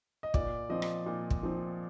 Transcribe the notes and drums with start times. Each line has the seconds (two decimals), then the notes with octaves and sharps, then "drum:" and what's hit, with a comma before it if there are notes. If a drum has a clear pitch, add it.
0.23 D#5
0.34 A#2 D5, drum: kick
0.69 F3 C4 D#5
0.82 drum: rim click
1.06 A#2
1.30 drum: kick
1.43 F3 C4